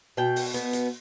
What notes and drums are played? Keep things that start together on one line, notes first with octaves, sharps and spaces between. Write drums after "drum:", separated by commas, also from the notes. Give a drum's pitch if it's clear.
B2 G5
drum: open hi-hat
B3, drum: hi-hat
drum: hi-hat